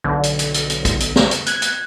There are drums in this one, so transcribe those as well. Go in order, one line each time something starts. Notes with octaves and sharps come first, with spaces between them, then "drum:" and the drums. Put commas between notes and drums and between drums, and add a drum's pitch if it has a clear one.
B1 D3
drum: hi-hat
drum: hi-hat
drum: hi-hat
drum: hi-hat
drum: kick, hi-hat
drum: hi-hat
drum: snare
drum: hi-hat
F#6 G#6, drum: hi-hat
drum: hi-hat